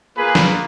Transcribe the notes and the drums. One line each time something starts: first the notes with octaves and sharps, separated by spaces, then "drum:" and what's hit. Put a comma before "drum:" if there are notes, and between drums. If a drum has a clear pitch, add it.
A#3 F4 G#4 B4
drum: snare